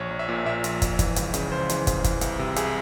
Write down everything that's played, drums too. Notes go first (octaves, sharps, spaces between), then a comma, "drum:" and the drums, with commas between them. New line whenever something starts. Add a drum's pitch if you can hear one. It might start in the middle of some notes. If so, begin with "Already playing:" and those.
Already playing: A#1 C#5
A#1
E5
A#2
A#2 E5
A#1, drum: hi-hat
A#1, drum: kick, hi-hat
E3, drum: kick, hi-hat
C#2, drum: hi-hat
C#3, drum: hi-hat
C#2 C5
E3, drum: hi-hat
C#2, drum: kick, hi-hat
E3, drum: kick, hi-hat
C2, drum: hi-hat
C3
C2 G#4, drum: hi-hat